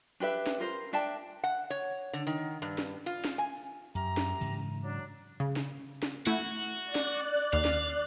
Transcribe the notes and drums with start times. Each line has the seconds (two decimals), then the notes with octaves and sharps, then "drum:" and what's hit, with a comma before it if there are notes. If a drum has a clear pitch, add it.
0.20 D4 G4 B4 E5
0.47 drum: snare
0.60 F4 A#4 C5
0.93 D4 E5 G5 A5
1.44 F#5
1.70 C#5
2.13 D3
2.27 D#3
2.62 G2
2.78 drum: snare
3.06 F4
3.25 drum: snare
3.38 G#5
3.95 F#2 G4 E5 A#5
4.17 drum: snare
4.41 G#2 C#3 E3
4.83 F#3 D4
5.40 C#3
5.56 drum: snare
6.03 drum: snare
6.26 A3 E4 F#4 F#5
6.84 D5 F#6
6.95 drum: snare
7.53 D#2 F5
7.65 drum: snare